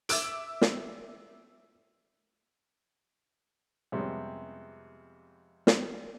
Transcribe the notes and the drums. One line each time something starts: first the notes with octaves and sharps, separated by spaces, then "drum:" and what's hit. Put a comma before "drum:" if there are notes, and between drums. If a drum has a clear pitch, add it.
E5 D6 E6 D7, drum: hi-hat
drum: snare
F2 C3 G3 G#3 B3 C#4
drum: snare